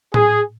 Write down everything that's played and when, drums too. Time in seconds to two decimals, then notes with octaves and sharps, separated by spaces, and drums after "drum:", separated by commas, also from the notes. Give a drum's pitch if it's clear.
0.14 G#4, drum: tom A2